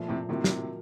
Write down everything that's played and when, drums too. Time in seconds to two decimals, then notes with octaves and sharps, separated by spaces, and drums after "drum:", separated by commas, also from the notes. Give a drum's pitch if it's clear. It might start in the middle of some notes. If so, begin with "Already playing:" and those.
Already playing: A#2 F3 A3
0.08 A2 C3
0.28 A2 C3 D#3 F#3 A#3 F4
0.44 drum: snare